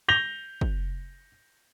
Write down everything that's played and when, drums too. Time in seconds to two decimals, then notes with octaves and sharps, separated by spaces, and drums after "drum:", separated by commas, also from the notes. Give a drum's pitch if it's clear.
0.08 G6 A#6 F7 G7
0.61 drum: kick